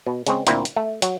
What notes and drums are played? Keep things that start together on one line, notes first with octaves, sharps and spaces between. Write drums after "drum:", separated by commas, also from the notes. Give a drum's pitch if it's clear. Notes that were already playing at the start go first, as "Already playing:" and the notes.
B2
C#3 G#3 C4, drum: hi-hat
D2 A#2 A#3 C4 E4, drum: hi-hat
drum: hi-hat
A3
F#3, drum: hi-hat